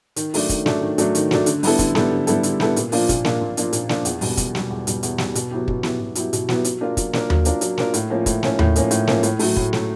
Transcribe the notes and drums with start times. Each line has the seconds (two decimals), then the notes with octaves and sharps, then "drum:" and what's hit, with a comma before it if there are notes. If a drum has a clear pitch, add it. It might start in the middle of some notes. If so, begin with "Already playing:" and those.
0.16 D#3, drum: hi-hat
0.34 F#3 A3 D4, drum: open hi-hat
0.49 D#3, drum: kick, hi-hat
0.66 F#3 A3 D4, drum: snare
0.81 D#3
0.98 F#3 A3 D4, drum: hi-hat
1.15 D#3, drum: hi-hat
1.31 F#3 A3 D4, drum: snare
1.46 D3, drum: hi-hat
1.63 G3 B3 E4 A4, drum: open hi-hat
1.79 D3, drum: kick, hi-hat
1.95 G3 B3 E4 A4, drum: snare
2.12 D3
2.27 G3 B3 E4 A4, drum: hi-hat
2.43 D3, drum: hi-hat
2.60 G3 B3 E4 A4, drum: snare
2.76 A#2, drum: hi-hat
2.92 F3 A#3 D4 F4, drum: open hi-hat
3.09 A#2, drum: kick, hi-hat
3.25 F3 A#3 D4 F4, drum: snare
3.41 A#2
3.57 F3 A#3 D4 F4, drum: hi-hat
3.73 A#2, drum: hi-hat
3.89 F3 A#3 D4 F4, drum: snare
4.05 E2, drum: hi-hat
4.21 B2 G3, drum: open hi-hat
4.37 E2, drum: kick, hi-hat
4.55 B2 G3, drum: snare
4.71 E2
4.87 B2 G3, drum: hi-hat
5.03 E2, drum: hi-hat
5.18 B2 G3, drum: snare
5.35 B2, drum: hi-hat
5.51 F#3 B3 E4 G4
5.68 B2, drum: kick
5.83 F#3 B3 E4 G4, drum: snare
6.00 B2
6.15 F#3 B3 E4 G4, drum: hi-hat
6.33 B2, drum: hi-hat
6.49 F#3 B3 E4 G4, drum: snare
6.64 F#3, drum: hi-hat
6.81 A#3 D4 F4 A#4
6.97 F#3, drum: kick, hi-hat
7.13 A#3 D4 F4 A#4, drum: snare
7.30 F#3, drum: tom D#2
7.45 A#3 D4 F4 A#4, drum: hi-hat
7.61 F#3, drum: hi-hat
7.78 A#3 D4 F4 A#4, drum: snare
7.94 A2, drum: hi-hat
8.10 F3 A#3 C#4
8.26 A2, drum: kick, hi-hat
8.43 F3 A#3 C#4, drum: snare
8.59 A2, drum: tom D#2
8.76 F3 A#3 C#4, drum: hi-hat
8.91 A2, drum: hi-hat
9.07 F3 A#3 C#4, drum: snare
9.23 A2, drum: hi-hat
9.39 F#3 A3, drum: open hi-hat
9.57 A2, drum: kick
9.73 F#3 A3, drum: snare